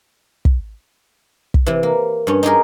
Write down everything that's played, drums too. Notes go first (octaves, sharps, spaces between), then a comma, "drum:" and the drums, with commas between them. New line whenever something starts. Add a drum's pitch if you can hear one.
drum: kick
drum: kick
C3 E3
A#3
G2 C#4
D#4 G4 G#4 A#4